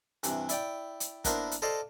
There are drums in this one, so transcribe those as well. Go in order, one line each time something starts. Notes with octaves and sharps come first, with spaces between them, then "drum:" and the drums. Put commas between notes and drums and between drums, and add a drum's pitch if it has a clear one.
G2 C3 E3, drum: hi-hat
E4 D5 G5, drum: hi-hat
drum: hi-hat
A#3 B3 D4 E4 A#4 C5, drum: kick, hi-hat
drum: hi-hat
A4 C5 D5 D#5 F5 A5